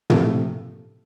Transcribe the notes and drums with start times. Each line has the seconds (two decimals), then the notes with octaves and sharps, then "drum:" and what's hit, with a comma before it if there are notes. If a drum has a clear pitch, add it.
0.10 C3 F3 A3, drum: tom